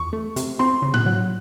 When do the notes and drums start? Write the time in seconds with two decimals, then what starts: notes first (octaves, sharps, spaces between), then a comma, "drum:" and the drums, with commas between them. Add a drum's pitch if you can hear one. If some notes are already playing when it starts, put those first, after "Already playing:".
Already playing: E2 C#6
0.13 A3
0.36 C3, drum: hi-hat
0.59 C4 C6
0.82 C#3
0.94 F#6, drum: tom A2
1.06 F#3